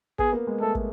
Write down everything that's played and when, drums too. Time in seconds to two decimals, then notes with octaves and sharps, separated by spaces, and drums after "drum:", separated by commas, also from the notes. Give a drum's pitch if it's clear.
0.19 B3 G#4, drum: kick
0.33 A#3
0.47 G#3
0.61 A3 A4
0.75 drum: kick